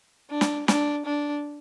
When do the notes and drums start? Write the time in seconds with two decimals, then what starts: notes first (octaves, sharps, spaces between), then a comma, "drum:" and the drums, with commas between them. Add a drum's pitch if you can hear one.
0.30 D4
0.41 drum: snare
0.68 D4, drum: snare
1.06 D4